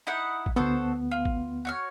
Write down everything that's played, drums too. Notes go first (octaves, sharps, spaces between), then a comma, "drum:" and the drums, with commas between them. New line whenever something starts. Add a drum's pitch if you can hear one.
D#4 E4 F#5
drum: kick G#1
D2 B3 F#4 A4 C5
F4
drum: kick G#1
F#4 C#5 F6